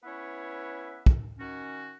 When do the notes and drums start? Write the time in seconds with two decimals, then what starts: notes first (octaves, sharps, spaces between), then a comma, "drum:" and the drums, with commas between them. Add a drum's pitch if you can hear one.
0.04 B3 C#4 E4 B4 C#5 E5
1.06 drum: kick
1.39 D#3 C#4 F#4